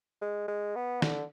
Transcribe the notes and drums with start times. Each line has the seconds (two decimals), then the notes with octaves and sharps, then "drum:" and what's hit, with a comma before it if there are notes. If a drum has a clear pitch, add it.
0.22 G#3
0.48 G#3
0.76 B3
1.02 D3, drum: snare